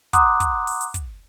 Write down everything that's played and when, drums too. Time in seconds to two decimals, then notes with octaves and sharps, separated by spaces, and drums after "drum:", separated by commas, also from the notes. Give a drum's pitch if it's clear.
0.13 F#5 A#5 C6 D6 D#6 F#6, drum: kick, hi-hat
0.40 drum: kick, hi-hat
0.67 drum: open hi-hat
0.81 drum: hi-hat
0.94 drum: kick, hi-hat